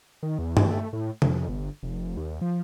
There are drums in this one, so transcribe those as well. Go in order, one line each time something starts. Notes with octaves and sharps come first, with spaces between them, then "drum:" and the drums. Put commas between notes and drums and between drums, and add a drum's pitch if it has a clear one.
D#3
E2
E3, drum: tom
A3
A2
F2, drum: tom C3
G1
F1
D#2
F3